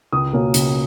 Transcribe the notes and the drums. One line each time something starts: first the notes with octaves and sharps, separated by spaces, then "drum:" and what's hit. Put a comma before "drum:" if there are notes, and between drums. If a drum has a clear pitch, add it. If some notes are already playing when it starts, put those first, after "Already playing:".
C#2 D#6
B2 A#3 C#4
C#2, drum: hi-hat